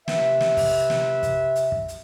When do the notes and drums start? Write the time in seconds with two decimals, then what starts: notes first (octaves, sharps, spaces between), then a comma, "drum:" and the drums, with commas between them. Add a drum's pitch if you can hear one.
0.08 C3 B4 E5, drum: snare
0.40 drum: snare
0.57 drum: kick, open hi-hat
0.90 drum: snare
1.23 drum: kick, hi-hat
1.55 drum: hi-hat
1.72 drum: kick
1.88 drum: hi-hat